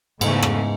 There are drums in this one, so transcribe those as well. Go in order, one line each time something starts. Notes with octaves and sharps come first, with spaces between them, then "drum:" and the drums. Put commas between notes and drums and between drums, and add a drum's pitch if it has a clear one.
E2 G#2 C#3 E3 A3, drum: cymbal
drum: rim click